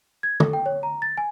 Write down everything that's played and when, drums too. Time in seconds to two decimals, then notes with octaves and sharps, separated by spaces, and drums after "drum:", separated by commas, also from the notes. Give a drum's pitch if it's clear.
0.23 G#6
0.40 A4, drum: tom
0.53 G5
0.66 C#5
0.83 A#5
1.02 A6
1.18 G#5